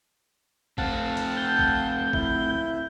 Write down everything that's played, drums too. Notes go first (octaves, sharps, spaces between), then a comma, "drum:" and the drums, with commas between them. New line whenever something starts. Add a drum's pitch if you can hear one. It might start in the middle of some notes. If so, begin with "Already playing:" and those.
A3 C4 F5 F#5 A5, drum: kick
drum: hi-hat
G6
drum: kick
E4, drum: kick